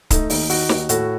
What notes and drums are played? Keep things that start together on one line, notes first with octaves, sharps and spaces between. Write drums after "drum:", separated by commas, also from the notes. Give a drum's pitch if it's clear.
A3 D#4, drum: kick C#1, hi-hat
D#2 D#4, drum: open hi-hat
D#3 D#4 F#4, drum: open hi-hat
D#2, drum: snare
A2 F#4 A4, drum: hi-hat